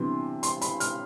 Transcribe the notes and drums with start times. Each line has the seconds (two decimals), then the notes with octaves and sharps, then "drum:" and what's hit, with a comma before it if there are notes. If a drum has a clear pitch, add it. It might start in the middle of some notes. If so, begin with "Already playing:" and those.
Already playing: C3 E3 G3 B3 D4 C6
0.43 C6, drum: hi-hat
0.61 B5, drum: hi-hat
0.80 F6, drum: hi-hat